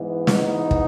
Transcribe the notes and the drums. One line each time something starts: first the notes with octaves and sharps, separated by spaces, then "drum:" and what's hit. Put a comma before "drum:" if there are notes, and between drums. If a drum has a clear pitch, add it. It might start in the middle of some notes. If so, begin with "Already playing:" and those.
Already playing: G#2 E3 B3
D#4, drum: snare
drum: kick